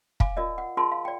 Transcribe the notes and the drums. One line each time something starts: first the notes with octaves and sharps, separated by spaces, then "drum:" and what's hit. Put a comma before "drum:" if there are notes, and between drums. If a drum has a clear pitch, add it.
F5 G#5 D6, drum: kick
F4 A#4 D5 D#5
F#5
F4 G#4 A#4 A5 C6
F5
D5 G5